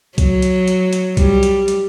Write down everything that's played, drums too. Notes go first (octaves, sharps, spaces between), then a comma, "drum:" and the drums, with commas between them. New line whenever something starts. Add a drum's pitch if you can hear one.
F#3, drum: kick B1, hi-hat
drum: hi-hat
drum: hi-hat
drum: hi-hat
G3, drum: kick B1, hi-hat
drum: hi-hat
drum: hi-hat